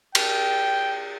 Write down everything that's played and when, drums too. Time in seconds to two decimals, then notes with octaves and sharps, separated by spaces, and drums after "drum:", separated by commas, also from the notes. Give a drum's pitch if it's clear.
0.15 G5, drum: cymbal